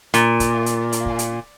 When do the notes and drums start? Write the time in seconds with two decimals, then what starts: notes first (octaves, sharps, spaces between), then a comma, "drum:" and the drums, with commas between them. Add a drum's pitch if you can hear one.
0.14 A#2, drum: hi-hat
0.40 drum: kick, hi-hat
0.66 drum: hi-hat
0.92 drum: hi-hat
1.06 drum: kick
1.19 drum: hi-hat